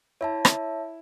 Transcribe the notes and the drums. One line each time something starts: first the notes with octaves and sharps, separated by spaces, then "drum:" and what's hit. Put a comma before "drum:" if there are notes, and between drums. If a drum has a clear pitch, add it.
E4 C#5 E5 A5
drum: rim click